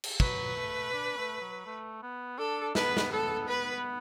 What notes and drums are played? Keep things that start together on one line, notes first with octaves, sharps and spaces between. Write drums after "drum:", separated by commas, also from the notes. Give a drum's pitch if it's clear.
drum: cymbal
F#3 B4, drum: kick
A3
D4
A3
F#3
A3
B3
D4 A4
B3 B4, drum: snare
drum: snare
B3 A4
B4